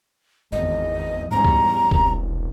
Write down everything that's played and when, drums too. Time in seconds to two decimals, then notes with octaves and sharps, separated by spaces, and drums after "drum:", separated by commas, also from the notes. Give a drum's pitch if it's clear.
0.52 G#1 E2 D#5
1.31 E2 G#2 G3 C#4 A#5
1.45 drum: kick C#2
1.91 E1 C2, drum: kick C#2